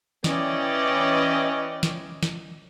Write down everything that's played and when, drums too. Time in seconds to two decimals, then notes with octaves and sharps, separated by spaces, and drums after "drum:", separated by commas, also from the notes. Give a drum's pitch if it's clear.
0.24 E3 C#4 D5 D#5 G5, drum: snare
1.83 drum: snare
2.23 drum: snare